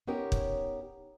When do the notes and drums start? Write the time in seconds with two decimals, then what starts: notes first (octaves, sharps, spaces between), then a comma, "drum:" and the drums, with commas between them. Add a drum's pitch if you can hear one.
0.07 B3 C#4 D#4 G4 A#4 C#5
0.32 drum: kick